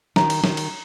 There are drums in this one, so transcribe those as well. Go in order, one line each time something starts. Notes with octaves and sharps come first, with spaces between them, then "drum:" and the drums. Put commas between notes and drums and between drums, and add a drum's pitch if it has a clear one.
D#3 A#5, drum: snare
drum: cymbal
D#3, drum: snare
drum: cymbal